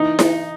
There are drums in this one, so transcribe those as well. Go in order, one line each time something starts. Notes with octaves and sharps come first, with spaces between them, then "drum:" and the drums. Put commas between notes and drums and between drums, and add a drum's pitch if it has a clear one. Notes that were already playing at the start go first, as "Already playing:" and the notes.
Already playing: E3 D#4
drum: snare E4